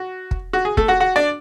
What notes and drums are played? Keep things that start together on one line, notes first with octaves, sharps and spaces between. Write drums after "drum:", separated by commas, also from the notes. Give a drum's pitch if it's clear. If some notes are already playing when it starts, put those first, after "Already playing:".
Already playing: F#4
drum: kick
F#4
G#4
A3 A4, drum: kick
F#4 F#5
F#4 F#5
D4 D5